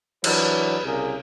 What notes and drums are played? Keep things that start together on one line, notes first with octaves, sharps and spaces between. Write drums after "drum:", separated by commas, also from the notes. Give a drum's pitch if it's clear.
E3 F#3 D4 B4, drum: cymbal
C2 C#3 G#4 A#4